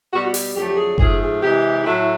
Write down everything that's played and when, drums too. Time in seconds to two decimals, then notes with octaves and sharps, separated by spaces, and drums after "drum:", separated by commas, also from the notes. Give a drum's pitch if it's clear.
0.13 B2 G3 F#4
0.25 F#4
0.34 G4, drum: open hi-hat
0.55 F2 D3 F#3 A3 G4
0.77 G#4
0.98 G#2 F3 A3 G#4, drum: kick F#1
1.20 G#4
1.42 C3 E3 G#3 G4
1.84 A2 F#3 A3 E4